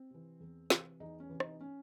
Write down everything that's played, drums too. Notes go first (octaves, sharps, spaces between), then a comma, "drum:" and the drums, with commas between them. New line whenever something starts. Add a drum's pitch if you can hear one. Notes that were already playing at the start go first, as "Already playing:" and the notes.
Already playing: C4
C3 E3
E2
C3 E3, drum: snare
E2 D#4
C#4
C3 E3
D#4, drum: rim click
C#4